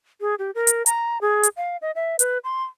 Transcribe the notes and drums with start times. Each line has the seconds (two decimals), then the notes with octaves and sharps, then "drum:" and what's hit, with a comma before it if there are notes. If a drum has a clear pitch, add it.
0.21 G#4
0.39 G4
0.55 A#4
0.67 drum: hi-hat
0.86 A#5, drum: hi-hat
1.21 G#4
1.44 drum: hi-hat
1.57 F5
1.82 D#5
1.95 E5
2.19 B4, drum: hi-hat
2.44 C6